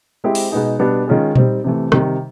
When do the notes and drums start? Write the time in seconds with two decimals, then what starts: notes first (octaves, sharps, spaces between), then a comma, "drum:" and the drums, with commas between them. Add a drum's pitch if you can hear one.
0.24 G#3 C4 E4 G4 C5
0.35 drum: open hi-hat
0.52 B2 G#3 B3 D#4 G#4
0.79 B2 G3 B3 D4
1.07 D#3 G#3 C#4 F4 G#4
1.36 G3 C4 D#4, drum: tom A#2
1.64 C3 E3 A3
1.92 C3 D#3 G3, drum: rim click